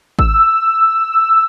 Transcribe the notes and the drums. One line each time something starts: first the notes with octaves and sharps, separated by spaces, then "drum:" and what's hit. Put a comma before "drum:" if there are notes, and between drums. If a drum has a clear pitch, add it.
E6, drum: kick G#1